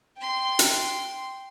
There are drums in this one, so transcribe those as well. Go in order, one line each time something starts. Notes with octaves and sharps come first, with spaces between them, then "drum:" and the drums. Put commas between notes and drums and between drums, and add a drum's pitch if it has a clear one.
G5 C6
drum: hi-hat